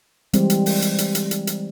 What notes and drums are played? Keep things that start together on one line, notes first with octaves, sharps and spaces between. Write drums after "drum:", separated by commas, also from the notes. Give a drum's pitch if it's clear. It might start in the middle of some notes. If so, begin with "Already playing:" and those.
E3 G3 G#3 C4, drum: hi-hat
drum: hi-hat
drum: open hi-hat
drum: hi-hat
drum: hi-hat
drum: hi-hat
drum: hi-hat
drum: hi-hat